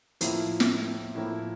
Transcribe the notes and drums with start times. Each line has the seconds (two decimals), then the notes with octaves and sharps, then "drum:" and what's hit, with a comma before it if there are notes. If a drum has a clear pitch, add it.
0.21 A2 F3 A#3 E4, drum: hi-hat
0.60 drum: snare
1.15 A2 F3 A#3 E4